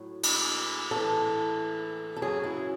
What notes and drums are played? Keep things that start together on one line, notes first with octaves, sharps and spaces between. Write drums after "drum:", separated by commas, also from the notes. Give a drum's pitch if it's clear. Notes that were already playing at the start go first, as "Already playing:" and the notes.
Already playing: A2 F#3
drum: cymbal
A2 E3 A4
A4
F#2 C#3 F#3 G#4
E4